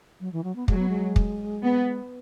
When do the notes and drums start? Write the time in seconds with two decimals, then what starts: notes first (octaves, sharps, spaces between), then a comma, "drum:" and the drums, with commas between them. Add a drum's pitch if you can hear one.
0.20 F#3
0.32 E3
0.44 F#3
0.56 B3
0.68 F#3 G#3, drum: kick
0.78 B3
0.89 G#3
1.16 drum: kick
1.64 B3